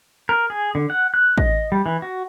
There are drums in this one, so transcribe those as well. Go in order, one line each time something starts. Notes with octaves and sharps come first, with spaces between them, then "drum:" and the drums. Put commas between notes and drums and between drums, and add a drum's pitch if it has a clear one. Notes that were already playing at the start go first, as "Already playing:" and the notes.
A#4
G#4
D3
F#5
F#6
D#5, drum: kick A1
G3
E3
F#4